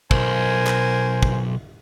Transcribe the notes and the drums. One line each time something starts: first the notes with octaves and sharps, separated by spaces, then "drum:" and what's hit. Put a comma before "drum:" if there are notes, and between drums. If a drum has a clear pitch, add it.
B1 A#4 C5 G#5, drum: kick
drum: clap
drum: kick